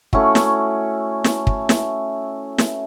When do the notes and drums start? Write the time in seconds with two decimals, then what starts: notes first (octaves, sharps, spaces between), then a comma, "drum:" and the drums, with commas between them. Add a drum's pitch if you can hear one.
0.13 A3 C#4 E4 F#4, drum: kick
0.35 drum: snare
1.24 drum: snare
1.47 drum: kick
1.69 drum: snare
2.58 drum: snare